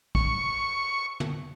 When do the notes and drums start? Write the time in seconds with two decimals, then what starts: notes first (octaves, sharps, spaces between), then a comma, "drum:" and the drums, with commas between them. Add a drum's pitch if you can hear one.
0.15 C#6, drum: kick
1.20 drum: tom